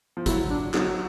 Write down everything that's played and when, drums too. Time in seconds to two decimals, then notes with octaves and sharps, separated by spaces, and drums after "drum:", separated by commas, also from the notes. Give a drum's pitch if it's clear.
0.17 F3
0.26 F#3 E4, drum: kick, hi-hat
0.50 D4
0.74 F#3 D#4, drum: clap